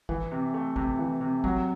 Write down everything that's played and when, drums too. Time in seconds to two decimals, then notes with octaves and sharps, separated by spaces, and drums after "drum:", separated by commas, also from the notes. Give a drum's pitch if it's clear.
0.09 E3, drum: kick G#1
0.32 C3
0.54 A3
0.76 C3, drum: kick G#1
0.99 E3
1.21 C3
1.44 F#3, drum: kick G#1